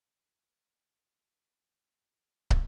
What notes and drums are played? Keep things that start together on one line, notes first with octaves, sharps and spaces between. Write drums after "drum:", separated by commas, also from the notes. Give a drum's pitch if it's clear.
D4 D5 G5 A5
A4 C#5
F3 G#3 A#4 A#5
A#2 G#5
drum: kick